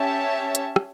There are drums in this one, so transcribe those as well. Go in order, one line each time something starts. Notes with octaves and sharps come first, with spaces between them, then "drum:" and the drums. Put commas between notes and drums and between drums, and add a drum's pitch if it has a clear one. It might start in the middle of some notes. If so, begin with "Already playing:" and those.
Already playing: C#4 G4 C#5 E5 A5
drum: hi-hat
drum: rim click